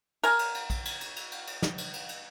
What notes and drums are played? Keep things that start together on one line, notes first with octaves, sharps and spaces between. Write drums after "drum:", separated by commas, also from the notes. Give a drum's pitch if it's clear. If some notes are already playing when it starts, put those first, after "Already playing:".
A#4 G#5, drum: cymbal
drum: cymbal
drum: cymbal
drum: kick A#1, cymbal
drum: cymbal
drum: cymbal
drum: cymbal
drum: cymbal
drum: cymbal
drum: snare
drum: cymbal
drum: cymbal
drum: cymbal